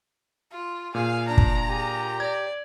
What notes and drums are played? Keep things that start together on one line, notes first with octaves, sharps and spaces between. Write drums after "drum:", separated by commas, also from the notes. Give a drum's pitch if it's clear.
F4
A#2 G#4 F5
D4 A#5
drum: kick
G4 G#4
D5 G#6